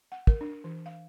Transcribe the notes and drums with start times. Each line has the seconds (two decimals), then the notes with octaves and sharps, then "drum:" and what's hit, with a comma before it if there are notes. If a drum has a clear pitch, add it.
0.12 F#5
0.27 A#4, drum: kick
0.41 D4
0.64 E3
0.86 F5